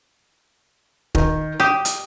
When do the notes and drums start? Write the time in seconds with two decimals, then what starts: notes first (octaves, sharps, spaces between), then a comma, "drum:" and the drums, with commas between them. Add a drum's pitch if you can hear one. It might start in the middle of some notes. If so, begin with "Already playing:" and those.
1.15 D#3, drum: kick
1.60 G4 D#6
1.85 drum: hi-hat